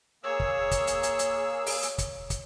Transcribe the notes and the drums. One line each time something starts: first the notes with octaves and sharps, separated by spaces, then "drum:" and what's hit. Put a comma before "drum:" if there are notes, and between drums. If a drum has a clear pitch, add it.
A#3 G#4 C#5 E6
drum: kick
drum: kick, hi-hat
drum: hi-hat
drum: hi-hat
drum: hi-hat
drum: open hi-hat
drum: hi-hat
drum: kick, hi-hat
drum: kick, hi-hat